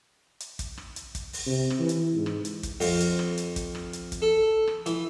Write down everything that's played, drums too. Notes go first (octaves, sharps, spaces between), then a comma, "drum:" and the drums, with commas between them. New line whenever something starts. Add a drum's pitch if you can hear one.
drum: hi-hat
drum: kick, hi-hat
drum: rim click
drum: hi-hat
drum: kick, hi-hat
drum: open hi-hat
C3
drum: rim click
E3
drum: hi-hat
G#2
drum: rim click
drum: hi-hat
drum: kick, hi-hat
F2, drum: open hi-hat
drum: hi-hat
drum: rim click
drum: hi-hat
drum: kick, hi-hat
drum: rim click
drum: hi-hat
drum: kick, hi-hat
A4
drum: rim click
E3, drum: hi-hat